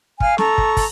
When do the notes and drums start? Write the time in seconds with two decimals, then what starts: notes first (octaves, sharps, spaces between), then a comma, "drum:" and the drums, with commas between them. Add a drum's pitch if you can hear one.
0.20 F5 G#5 F6, drum: kick
0.38 A4 A#5 C#6, drum: snare
0.58 drum: kick
0.77 drum: kick, open hi-hat